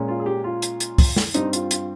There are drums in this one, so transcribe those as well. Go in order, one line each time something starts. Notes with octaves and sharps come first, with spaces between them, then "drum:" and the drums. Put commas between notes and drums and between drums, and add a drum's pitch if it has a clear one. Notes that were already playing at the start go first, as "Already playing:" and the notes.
Already playing: A#2 G#3 C#4
F4
G#4
G4
F4
drum: hi-hat
drum: hi-hat
drum: kick, open hi-hat
drum: snare
G2 G3 C4 D#4, drum: hi-hat
F4, drum: hi-hat
F4, drum: hi-hat